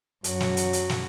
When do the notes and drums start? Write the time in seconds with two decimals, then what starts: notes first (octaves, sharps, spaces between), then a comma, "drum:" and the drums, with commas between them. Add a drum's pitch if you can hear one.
0.24 F#2 F#3 F#4, drum: hi-hat
0.40 drum: snare
0.57 drum: hi-hat
0.73 drum: hi-hat
0.89 drum: snare